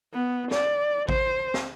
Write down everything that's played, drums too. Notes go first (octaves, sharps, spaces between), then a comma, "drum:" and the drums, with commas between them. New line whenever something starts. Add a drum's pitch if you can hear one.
B3
D5, drum: snare
C5, drum: kick A1
drum: snare